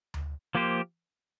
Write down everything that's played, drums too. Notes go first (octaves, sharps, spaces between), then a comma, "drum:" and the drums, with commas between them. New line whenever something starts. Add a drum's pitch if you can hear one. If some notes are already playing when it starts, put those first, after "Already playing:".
drum: tom D2
F3 A#3 G4 C5